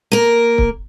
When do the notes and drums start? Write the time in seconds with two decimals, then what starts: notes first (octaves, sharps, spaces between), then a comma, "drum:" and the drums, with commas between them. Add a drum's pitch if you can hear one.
0.12 A#3 A#4
0.58 drum: kick C#1